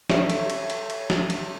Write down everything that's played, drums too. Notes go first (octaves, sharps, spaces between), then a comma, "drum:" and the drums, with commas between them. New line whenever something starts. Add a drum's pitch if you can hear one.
G4 A4 C#5 E5, drum: snare
drum: cymbal
drum: cymbal
drum: cymbal
drum: cymbal
drum: snare
drum: cymbal